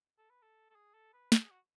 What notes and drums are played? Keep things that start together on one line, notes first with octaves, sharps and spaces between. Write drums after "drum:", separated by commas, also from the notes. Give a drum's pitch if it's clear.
A4
B4
A4
A4
G#4
A4
B4
A4, drum: snare
G#4
F#4